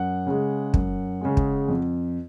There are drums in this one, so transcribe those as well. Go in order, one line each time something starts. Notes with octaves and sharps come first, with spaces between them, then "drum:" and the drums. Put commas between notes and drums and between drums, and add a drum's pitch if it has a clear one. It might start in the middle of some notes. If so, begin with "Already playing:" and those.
Already playing: F#2 F#5
C#3 G#3
F#2, drum: kick
C#3 G#3
drum: kick
F2